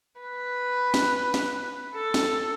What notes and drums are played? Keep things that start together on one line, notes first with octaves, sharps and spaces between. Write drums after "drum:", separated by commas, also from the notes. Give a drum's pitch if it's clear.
B4
drum: snare
drum: snare
A4
drum: snare